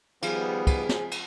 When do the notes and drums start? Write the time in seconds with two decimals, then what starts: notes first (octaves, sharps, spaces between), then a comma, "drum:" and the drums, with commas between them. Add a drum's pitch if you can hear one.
0.23 D#3 F3 G3 B3 G#4, drum: cymbal
0.67 drum: kick, cymbal
0.89 drum: snare
1.11 drum: cymbal